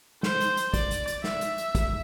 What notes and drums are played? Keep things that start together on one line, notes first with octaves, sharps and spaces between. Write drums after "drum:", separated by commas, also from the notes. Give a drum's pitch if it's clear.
C5, drum: snare
drum: hi-hat
drum: hi-hat
D5, drum: kick, hi-hat
drum: hi-hat
drum: hi-hat
E5, drum: snare
drum: hi-hat
drum: hi-hat
drum: kick, hi-hat